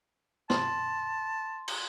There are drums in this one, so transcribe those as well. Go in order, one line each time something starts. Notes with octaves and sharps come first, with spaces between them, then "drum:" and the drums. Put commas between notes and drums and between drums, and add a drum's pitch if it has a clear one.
A5 C6, drum: snare
drum: cymbal